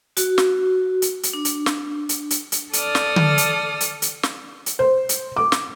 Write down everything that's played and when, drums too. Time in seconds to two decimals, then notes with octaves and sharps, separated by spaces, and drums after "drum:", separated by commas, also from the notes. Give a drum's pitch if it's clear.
0.17 F#4, drum: hi-hat
0.38 drum: snare
1.02 drum: hi-hat
1.23 drum: hi-hat
1.33 D4
1.45 drum: hi-hat
1.66 drum: snare
2.09 drum: hi-hat
2.31 drum: hi-hat
2.52 drum: hi-hat
2.73 A4 D5 D#6 F6, drum: hi-hat
2.95 drum: snare
3.16 drum: tom D3
3.38 drum: hi-hat
3.80 drum: hi-hat
4.02 drum: hi-hat
4.23 drum: snare
4.66 drum: hi-hat
4.79 C5
5.09 drum: hi-hat
5.36 D6
5.52 drum: snare